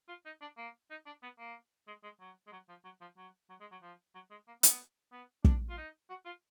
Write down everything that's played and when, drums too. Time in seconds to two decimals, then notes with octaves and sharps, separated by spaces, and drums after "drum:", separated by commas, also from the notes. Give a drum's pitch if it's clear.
0.08 F4
0.26 D#4
0.42 D4
0.58 A#3
0.91 D#4
1.06 D4
1.23 B3
1.39 A#3
1.88 G#3
2.04 G#3
2.21 F#3
2.47 G#3
2.52 F#3
2.69 F3
2.84 F#3
3.01 F3
3.17 F#3
3.50 F#3
3.61 G#3
3.72 F#3
3.83 F3
4.15 F#3
4.31 G#3
4.47 A#3
4.63 B3, drum: hi-hat
5.12 B3
5.45 D4, drum: kick
5.69 F4
5.78 D#4
6.10 F#4
6.26 F4